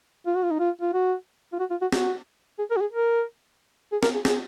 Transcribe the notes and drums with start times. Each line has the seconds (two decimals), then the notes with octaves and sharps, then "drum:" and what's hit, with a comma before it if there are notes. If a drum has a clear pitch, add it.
0.26 F4
0.35 F#4
0.43 F4
0.51 D#4
0.60 F4
0.81 F4
0.94 F#4
1.53 F4
1.59 F#4
1.71 F4
1.82 F#4
1.92 F#4, drum: snare
2.59 G#4
2.71 A#4
2.76 F#4
2.81 G#4
2.92 A#4
3.92 G#4
4.03 A#4, drum: snare
4.14 G#4
4.25 G#4, drum: snare